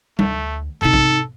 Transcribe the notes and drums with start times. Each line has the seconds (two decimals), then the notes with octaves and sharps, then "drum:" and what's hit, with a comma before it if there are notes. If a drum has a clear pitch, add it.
0.19 D2 A3, drum: tom G3
0.82 C3 D#4 A4
0.93 drum: kick